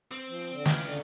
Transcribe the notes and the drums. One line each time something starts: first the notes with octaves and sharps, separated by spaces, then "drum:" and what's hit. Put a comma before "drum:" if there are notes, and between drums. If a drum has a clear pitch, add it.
C4
F3
D3
C#3 E3 F4 G5, drum: snare
D3